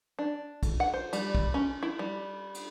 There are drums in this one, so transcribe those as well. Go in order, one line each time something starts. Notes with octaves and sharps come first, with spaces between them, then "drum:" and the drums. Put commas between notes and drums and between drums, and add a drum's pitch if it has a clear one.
D4
drum: kick, cymbal
F#5
C5
G3, drum: cymbal
drum: kick
C#4
E4
G3
drum: cymbal